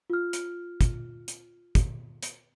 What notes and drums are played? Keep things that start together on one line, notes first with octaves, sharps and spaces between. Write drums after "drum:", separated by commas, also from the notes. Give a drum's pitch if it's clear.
F4 F6
drum: hi-hat
drum: kick, hi-hat
drum: hi-hat
drum: kick, hi-hat
drum: hi-hat